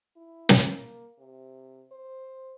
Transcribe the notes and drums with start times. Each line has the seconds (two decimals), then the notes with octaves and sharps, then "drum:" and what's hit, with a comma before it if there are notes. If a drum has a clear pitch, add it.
0.16 E4
0.49 drum: snare
0.67 A#3
1.19 C3
1.92 C5